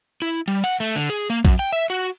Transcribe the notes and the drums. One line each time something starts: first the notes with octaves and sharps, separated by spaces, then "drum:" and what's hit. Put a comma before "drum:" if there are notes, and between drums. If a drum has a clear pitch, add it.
E4
G3, drum: cymbal
F#5, drum: cymbal
A3
D3
G#4
A#3
F#2, drum: kick A#1, cymbal
G5
E5
F#4